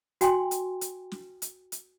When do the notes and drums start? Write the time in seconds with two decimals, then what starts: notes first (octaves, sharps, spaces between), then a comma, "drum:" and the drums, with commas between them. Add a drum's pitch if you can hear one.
0.21 F#4 G5 G#5 C6, drum: hi-hat
0.51 drum: hi-hat
0.81 drum: hi-hat
1.12 drum: snare
1.42 drum: hi-hat
1.72 drum: hi-hat